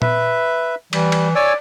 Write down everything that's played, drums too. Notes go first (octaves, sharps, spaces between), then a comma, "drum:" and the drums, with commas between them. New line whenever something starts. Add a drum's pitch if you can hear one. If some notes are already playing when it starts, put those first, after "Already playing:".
B4 E5, drum: tom A#2
E3 G3, drum: cymbal
drum: cymbal
C#5 D5 G#5 E6